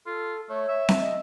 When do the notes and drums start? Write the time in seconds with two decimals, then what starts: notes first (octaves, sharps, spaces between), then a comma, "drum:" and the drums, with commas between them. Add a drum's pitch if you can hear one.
0.06 F4 A4
0.49 A3 C#5
0.68 E5
0.89 drum: snare C4
1.00 D#5